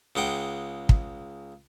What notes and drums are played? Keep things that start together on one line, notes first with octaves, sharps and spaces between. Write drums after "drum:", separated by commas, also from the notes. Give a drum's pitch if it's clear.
C#2 G#3 F#5 G5
drum: kick